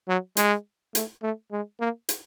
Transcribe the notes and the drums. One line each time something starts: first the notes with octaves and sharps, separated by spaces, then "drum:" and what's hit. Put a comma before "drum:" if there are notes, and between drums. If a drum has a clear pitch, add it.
F#3
G#3, drum: hi-hat
A3, drum: hi-hat
A3
G#3
A#3
drum: hi-hat